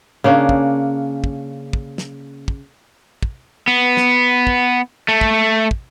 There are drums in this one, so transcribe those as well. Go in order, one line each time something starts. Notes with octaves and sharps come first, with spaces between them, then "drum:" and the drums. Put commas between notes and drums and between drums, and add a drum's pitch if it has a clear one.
C#3 A#3 C#4 D4
drum: kick
drum: kick
drum: kick
drum: snare
drum: kick
drum: kick
B3
drum: snare
drum: kick
A3
drum: kick
drum: kick